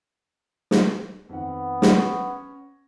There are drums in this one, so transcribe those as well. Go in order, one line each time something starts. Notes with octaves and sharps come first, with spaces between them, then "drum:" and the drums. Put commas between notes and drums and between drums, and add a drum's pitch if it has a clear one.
drum: snare
F2 D#3 B3 F#5
C#4 C#5 A#6, drum: snare